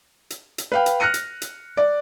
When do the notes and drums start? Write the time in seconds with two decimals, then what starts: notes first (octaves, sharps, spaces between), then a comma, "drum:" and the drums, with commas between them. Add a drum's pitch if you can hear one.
0.30 drum: hi-hat
0.58 drum: hi-hat
0.72 B4 F5 G5
0.86 drum: hi-hat
1.00 F6 F#6 A#6 C#7 D#7
1.14 drum: hi-hat
1.42 drum: hi-hat
1.77 D5